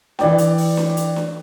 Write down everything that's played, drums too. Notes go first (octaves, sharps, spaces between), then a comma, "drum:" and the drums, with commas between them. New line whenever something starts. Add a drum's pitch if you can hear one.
E3 D5 G5, drum: snare D4
drum: hi-hat
drum: open hi-hat
drum: snare D4
drum: hi-hat
drum: snare D4